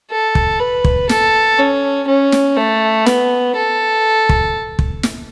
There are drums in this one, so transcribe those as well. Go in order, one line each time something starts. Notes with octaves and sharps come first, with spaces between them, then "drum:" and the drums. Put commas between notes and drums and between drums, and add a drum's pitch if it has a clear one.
A4
drum: kick
B4
drum: kick
A4, drum: snare
C#4
C#4
drum: snare
A3
B3, drum: snare
A4
drum: kick
drum: kick
drum: snare